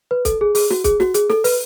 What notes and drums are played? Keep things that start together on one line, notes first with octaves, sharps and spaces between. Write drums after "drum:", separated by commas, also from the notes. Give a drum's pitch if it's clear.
B4
A4, drum: kick, hi-hat
G#4
G#4, drum: open hi-hat
F#4, drum: snare
G#4, drum: kick, hi-hat
F#4, drum: snare
G#4, drum: hi-hat
A4, drum: snare
B4, drum: open hi-hat